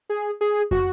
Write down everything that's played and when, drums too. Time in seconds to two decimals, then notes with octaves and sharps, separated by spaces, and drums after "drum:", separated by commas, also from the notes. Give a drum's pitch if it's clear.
0.09 G#4
0.41 G#4
0.71 F#4, drum: kick